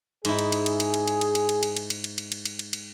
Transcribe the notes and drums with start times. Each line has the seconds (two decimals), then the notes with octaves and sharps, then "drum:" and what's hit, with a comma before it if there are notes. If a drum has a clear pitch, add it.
0.25 G#2 E4 G#4, drum: cymbal
0.39 drum: cymbal
0.52 drum: cymbal
0.66 drum: cymbal
0.80 drum: cymbal
0.94 drum: cymbal
1.08 drum: cymbal
1.21 drum: cymbal
1.35 drum: cymbal
1.49 drum: cymbal
1.63 drum: cymbal
1.77 drum: cymbal
1.90 drum: cymbal
2.04 drum: cymbal
2.18 drum: cymbal
2.32 drum: cymbal
2.45 drum: cymbal
2.59 drum: cymbal
2.73 drum: cymbal